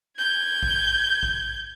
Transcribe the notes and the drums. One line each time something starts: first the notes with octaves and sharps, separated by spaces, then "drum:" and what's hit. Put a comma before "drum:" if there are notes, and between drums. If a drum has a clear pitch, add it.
G6 G#6
drum: kick A#1
drum: kick A#1